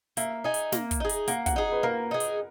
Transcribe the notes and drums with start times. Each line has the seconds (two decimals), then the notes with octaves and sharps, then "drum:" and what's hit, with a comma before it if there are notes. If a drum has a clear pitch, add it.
0.17 A#3 E5, drum: hi-hat
0.44 D#4 G#4
0.54 drum: hi-hat
0.72 A#3, drum: snare
0.91 drum: kick, hi-hat
1.00 D#4 G#4
1.09 drum: hi-hat
1.28 A#3 F#5, drum: hi-hat
1.46 F#5, drum: kick, hi-hat
1.56 D#4 G#4
1.72 B4
1.83 A#3 A#4
2.11 D#4 G#4
2.20 drum: hi-hat